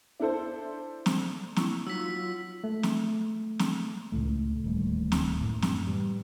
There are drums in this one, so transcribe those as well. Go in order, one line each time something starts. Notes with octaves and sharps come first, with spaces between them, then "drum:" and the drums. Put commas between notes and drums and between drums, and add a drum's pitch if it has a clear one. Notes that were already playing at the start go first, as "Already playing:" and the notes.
D4 E4 A4 C5
drum: snare
A#3 E4 C#6, drum: snare
F#3 D#4 F4 E6 B6
A3
drum: snare
drum: snare
C#2 F#2 A2 A3
D1 D#2 G3 A3
drum: snare
F#2 A2
drum: snare
E3 G3